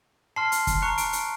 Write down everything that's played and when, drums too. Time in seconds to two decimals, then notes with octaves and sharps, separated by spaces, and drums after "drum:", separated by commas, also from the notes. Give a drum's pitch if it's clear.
0.36 A5 C6 F6 C7
0.52 drum: hi-hat
0.67 drum: kick, hi-hat
0.82 A#5 C#6 F#6 C#7
0.98 D7, drum: hi-hat
1.13 drum: hi-hat